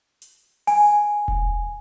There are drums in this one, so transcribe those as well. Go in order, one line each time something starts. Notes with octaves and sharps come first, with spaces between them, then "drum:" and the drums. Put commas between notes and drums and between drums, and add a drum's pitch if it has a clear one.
drum: hi-hat
G#5, drum: open hi-hat
drum: kick E1